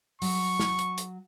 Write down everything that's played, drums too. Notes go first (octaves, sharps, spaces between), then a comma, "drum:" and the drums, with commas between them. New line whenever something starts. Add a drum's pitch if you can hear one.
F#3 C#6, drum: open hi-hat
drum: snare
drum: hi-hat
drum: hi-hat